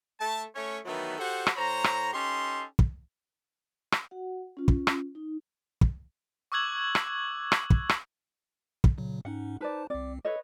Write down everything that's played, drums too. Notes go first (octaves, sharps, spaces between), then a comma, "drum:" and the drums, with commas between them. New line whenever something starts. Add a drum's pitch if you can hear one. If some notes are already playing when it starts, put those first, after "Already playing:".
A3 A5
A3 C#4 C#5
D#3 E3 F#3 A3 B3
F#4 G4 A4 C5 F#5
drum: rim click
A2 C5 C#5 A#5
drum: rim click
C#4 D#4 G4 A4 C6
drum: kick
drum: rim click
F#4 F#5
C#4 F4
drum: kick
drum: rim click
D#4
drum: kick
C#6 D6 E6 F#6 G#6 F#7
drum: rim click
drum: rim click
drum: kick
drum: rim click
drum: kick
A#2 C#3 F#3
G#2 C#4 D#4 F#5
D#4 B4 C5 D5 A5
C2 C4 D5
A4 B4 C#5 D#5